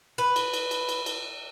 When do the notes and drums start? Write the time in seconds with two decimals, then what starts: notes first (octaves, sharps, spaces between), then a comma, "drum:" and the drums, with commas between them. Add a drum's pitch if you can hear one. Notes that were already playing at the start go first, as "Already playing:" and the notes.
0.18 B4
0.36 drum: cymbal
0.53 drum: cymbal
0.71 drum: cymbal
0.89 drum: cymbal
1.06 drum: cymbal